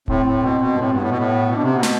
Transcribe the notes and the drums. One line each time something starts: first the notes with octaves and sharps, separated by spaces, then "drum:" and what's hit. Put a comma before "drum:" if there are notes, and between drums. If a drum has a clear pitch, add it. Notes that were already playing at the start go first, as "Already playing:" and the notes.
A2 C4, drum: kick D1
A2
B2
B2
G2
A2 C4
G2
B3
A2
B2
A2
B2
D4
C3 C4
B2 B3
A3, drum: snare